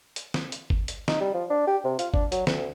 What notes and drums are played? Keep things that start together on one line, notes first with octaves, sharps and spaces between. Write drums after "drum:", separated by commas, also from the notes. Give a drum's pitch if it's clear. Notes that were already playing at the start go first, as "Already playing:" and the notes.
drum: hi-hat
drum: snare
drum: hi-hat
drum: kick G1
drum: hi-hat
D#4, drum: snare
G3
F3
D4
G4
C3
F4, drum: hi-hat
D4, drum: kick G1
F#3, drum: hi-hat
D2, drum: snare